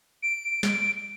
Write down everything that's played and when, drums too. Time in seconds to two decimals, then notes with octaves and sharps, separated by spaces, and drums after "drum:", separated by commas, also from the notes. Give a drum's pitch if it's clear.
0.22 D7
0.63 drum: snare